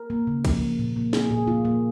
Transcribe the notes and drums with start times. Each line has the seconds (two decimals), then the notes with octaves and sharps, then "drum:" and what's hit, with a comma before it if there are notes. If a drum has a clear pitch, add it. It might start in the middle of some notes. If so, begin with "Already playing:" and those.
Already playing: A#4
0.10 A#3
0.27 C#3
0.45 F3, drum: kick, cymbal
0.62 A#3
0.79 A#2
0.96 A#3
1.13 A#3 G#4, drum: snare
1.30 A#2 G#4
1.47 A#3 F4
1.65 A#3